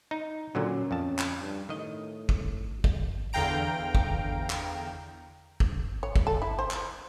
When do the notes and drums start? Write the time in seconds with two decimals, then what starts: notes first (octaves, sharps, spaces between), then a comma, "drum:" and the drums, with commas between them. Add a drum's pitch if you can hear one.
0.11 D#4
0.55 A#2 D3 F#3 C#4
0.91 F2 A5
1.18 drum: clap
1.40 G2
1.69 A2 D#3 D#5
2.29 drum: kick
2.84 drum: kick
3.33 E2 D3 F5 G5 A#5 D7
3.95 drum: kick
4.50 drum: clap
5.60 drum: kick
6.03 C#5
6.16 drum: kick
6.27 A4
6.42 E4
6.59 C5
6.71 drum: clap